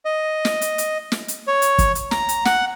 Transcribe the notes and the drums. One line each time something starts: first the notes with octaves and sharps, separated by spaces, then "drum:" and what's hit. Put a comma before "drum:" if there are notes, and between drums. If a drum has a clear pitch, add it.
D#5
drum: snare
drum: hi-hat
drum: hi-hat
drum: snare
drum: hi-hat
C#5
drum: hi-hat
drum: kick, hi-hat
drum: hi-hat
A#5, drum: snare
drum: hi-hat
F#5, drum: snare